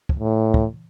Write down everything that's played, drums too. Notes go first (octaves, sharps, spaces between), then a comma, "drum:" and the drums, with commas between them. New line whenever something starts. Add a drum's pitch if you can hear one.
drum: kick
A2
drum: kick